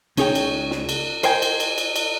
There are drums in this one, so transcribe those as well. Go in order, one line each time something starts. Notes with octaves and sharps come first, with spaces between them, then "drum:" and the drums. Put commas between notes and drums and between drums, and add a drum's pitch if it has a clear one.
C#2 C#4 D#4 G#4 C#5 G5, drum: cymbal
drum: cymbal
drum: snare
drum: cymbal
A#4 C5 D#5 G5 G#5 A#5, drum: cymbal
drum: cymbal
drum: cymbal
drum: cymbal
drum: cymbal